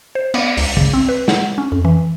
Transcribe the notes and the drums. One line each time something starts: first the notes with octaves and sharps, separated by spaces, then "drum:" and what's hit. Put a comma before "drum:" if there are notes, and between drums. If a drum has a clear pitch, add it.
C5
B3, drum: cymbal
C#2, drum: open hi-hat
C#3, drum: kick
C4
B4
F#5, drum: snare
C#4
F2
E3